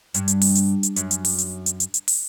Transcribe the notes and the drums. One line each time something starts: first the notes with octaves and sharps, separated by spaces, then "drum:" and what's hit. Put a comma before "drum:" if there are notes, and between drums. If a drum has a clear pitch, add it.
G2, drum: hi-hat
drum: hi-hat
drum: open hi-hat
drum: hi-hat
drum: hi-hat
F#2, drum: hi-hat
drum: hi-hat
drum: open hi-hat
drum: hi-hat
drum: hi-hat
drum: hi-hat
drum: hi-hat
drum: open hi-hat